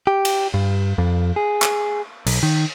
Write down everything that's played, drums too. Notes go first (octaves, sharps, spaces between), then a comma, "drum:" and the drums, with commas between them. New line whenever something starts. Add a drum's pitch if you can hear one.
G4
drum: cymbal
G2
F2
G#4
drum: clap
B1, drum: cymbal
D#3